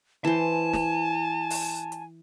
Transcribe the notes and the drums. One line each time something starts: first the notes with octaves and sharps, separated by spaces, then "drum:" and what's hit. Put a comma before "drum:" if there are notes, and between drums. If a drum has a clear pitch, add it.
E3 C5 G#5 A5
drum: snare
drum: open hi-hat
drum: hi-hat